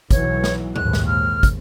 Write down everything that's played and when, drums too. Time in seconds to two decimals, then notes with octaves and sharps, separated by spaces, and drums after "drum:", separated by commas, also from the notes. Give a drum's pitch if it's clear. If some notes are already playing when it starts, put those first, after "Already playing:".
0.11 B1 E3 F#3 C#5, drum: kick, hi-hat
0.44 drum: snare
0.76 A#1 D#2 G#2 F#6, drum: tom A2
0.93 drum: snare
1.06 F6
1.43 drum: kick, hi-hat